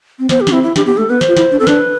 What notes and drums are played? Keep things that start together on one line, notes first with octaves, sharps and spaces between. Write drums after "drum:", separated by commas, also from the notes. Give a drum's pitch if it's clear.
C4
B3 C5, drum: snare
G4
D4, drum: snare
C4 E4
E4
D4 G4, drum: snare
B3 G4
A3 A4
B3 B4
C5, drum: snare
F4
E4, drum: snare
D4
C4 A4
D4 B4, drum: snare